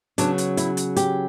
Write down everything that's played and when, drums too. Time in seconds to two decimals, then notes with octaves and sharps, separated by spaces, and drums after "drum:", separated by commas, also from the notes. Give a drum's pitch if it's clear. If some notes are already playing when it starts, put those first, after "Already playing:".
0.18 C#3 F#3 B3 D4, drum: hi-hat
0.38 drum: hi-hat
0.57 E4, drum: hi-hat
0.77 drum: hi-hat
0.96 G4, drum: hi-hat